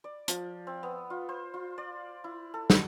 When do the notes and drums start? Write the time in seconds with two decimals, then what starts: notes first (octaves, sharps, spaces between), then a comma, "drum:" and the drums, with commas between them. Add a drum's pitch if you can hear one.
0.04 D5
0.28 F3, drum: hi-hat
0.67 C4
0.83 B3
1.10 F4
1.29 C5
1.54 F4
1.78 D5
2.24 E4
2.54 A4
2.70 F#4, drum: snare